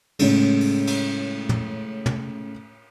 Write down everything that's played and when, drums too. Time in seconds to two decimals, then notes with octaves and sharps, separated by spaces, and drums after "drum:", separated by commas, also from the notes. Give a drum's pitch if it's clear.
0.19 A2 C#3 G#3, drum: cymbal
0.60 drum: open hi-hat
0.87 drum: cymbal
1.49 drum: tom
2.06 drum: tom